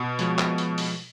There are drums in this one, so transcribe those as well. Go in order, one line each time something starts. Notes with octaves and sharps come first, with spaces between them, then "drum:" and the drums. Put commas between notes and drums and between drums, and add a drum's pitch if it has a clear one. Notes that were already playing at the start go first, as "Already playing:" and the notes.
Already playing: B2
F3 G#3 B3 F#4 C#5, drum: hi-hat
drum: clap
drum: hi-hat
drum: open hi-hat